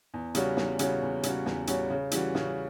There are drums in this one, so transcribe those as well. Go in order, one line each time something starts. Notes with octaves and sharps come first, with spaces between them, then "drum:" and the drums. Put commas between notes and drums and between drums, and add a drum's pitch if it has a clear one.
E2
C#3 G3 C#4 F#4, drum: hi-hat
E2, drum: snare
C#3 G3 C#4 F#4, drum: hi-hat
E2
C#3 G3 C#4 F#4, drum: hi-hat
E2, drum: snare
C#3 G3 C#4 F#4, drum: hi-hat
C#3
E3 G3 C#4 F#4, drum: hi-hat
C#3, drum: snare